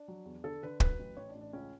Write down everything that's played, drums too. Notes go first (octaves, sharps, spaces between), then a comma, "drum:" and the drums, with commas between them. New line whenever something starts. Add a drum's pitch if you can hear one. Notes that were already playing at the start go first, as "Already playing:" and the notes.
Already playing: D4
F#3
E2
D3 A4
D3 B4
F#3 B4, drum: kick
A1
A1 C#5
D4
A1
D4
C#2 C#4